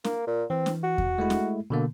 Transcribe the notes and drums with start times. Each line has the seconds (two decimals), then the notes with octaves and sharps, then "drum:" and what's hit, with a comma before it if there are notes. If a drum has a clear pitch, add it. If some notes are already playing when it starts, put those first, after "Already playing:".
0.04 A#3, drum: snare
0.27 A#2
0.50 E3 C4
0.66 drum: snare
0.83 F#4
0.98 drum: kick E2
1.18 G#3 A3 E4
1.30 drum: snare
1.70 B2 D3 A#3